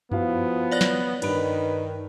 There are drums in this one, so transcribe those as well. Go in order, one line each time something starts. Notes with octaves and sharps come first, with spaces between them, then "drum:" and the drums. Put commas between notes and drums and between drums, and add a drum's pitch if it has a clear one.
F3 B3 E4 F#4 F5, drum: tom F#2
C#5 D5 F#6
drum: snare
G2 D#3 B4 B5 D7, drum: cymbal